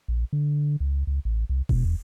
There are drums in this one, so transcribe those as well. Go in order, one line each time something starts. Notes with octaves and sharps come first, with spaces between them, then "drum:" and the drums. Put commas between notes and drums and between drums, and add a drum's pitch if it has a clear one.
A#1
D3
C#2
C#2
A1
C2
B2, drum: kick E1
E2